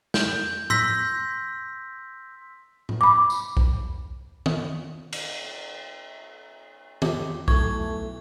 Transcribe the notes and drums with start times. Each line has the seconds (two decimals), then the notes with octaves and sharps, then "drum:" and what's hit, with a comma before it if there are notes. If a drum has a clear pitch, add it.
0.14 G6, drum: snare
0.70 C6 E6 G6 A#6 B6, drum: tom A2
2.89 drum: tom A2
3.01 B5 D6
3.30 drum: tambourine
3.57 drum: kick
4.46 drum: tom D#3
5.13 drum: cymbal
7.02 G4 C5, drum: tom D#3
7.48 B1 E3 A3 C#6 G#6, drum: kick